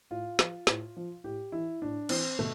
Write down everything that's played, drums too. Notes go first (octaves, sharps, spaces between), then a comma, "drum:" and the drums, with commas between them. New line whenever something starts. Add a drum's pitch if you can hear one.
A2 F4
F3, drum: snare
A2, drum: snare
F3
A2 G4
E3 E4
A2 D4
E3 C4, drum: cymbal
B2 A3